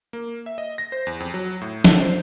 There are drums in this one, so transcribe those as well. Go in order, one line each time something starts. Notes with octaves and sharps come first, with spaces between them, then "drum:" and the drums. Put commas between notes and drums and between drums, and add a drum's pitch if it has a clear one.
A#3
E5
D#5
A#6
C5
E2
F2
F#3
A2
A4, drum: snare
C5